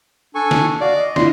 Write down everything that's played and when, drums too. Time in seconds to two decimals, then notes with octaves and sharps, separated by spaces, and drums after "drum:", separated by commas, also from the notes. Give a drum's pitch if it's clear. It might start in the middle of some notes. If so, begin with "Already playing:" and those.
0.35 D4 A4 G#5 C#6
0.51 drum: snare
0.81 F#4 D5 F5
0.95 D#5
1.16 D4 E4 F4 C6, drum: snare